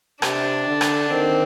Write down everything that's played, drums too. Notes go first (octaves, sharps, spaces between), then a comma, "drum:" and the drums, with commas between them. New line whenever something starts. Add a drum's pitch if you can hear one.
C3 D4, drum: rim click
D3
drum: rim click
D#3 C4